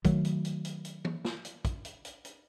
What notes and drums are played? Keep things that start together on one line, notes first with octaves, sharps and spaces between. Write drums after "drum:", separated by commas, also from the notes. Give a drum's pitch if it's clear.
D#3 F#3 A3, drum: kick, hi-hat
drum: hi-hat
drum: hi-hat
drum: hi-hat
drum: hi-hat
drum: tom
drum: snare
drum: hi-hat
drum: kick, hi-hat
drum: hi-hat
drum: hi-hat
drum: hi-hat